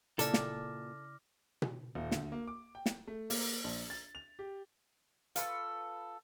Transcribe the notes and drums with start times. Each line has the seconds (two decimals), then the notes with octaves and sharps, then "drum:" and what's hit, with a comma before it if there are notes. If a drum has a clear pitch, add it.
0.19 A#2 C#3 E4 A4 D5 D6 F6 A#6, drum: hi-hat
0.34 drum: snare
1.62 drum: tom B2
1.95 D#1
2.11 D2, drum: snare
2.32 A#3
2.48 D6
2.75 G5
2.86 drum: snare
3.07 A3
3.30 A#3, drum: open hi-hat
3.64 A#1
3.90 A6
4.15 F7
4.39 G4
5.36 F4 A4 B4 C#6, drum: hi-hat